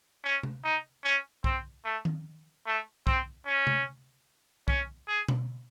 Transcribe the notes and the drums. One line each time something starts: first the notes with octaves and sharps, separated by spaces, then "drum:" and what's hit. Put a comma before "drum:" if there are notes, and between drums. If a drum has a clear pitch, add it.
C#4
drum: tom C3
D#4
C#4
C4, drum: kick B1
A3
drum: tom D#3
A3
C4, drum: kick B1
C#4
drum: tom C3
C#4, drum: kick B1
G#4
drum: tom B2